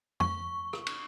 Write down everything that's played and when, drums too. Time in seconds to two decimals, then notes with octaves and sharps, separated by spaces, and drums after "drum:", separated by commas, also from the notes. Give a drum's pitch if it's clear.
0.20 C#6, drum: tom F2
0.73 drum: rim click
0.87 drum: cymbal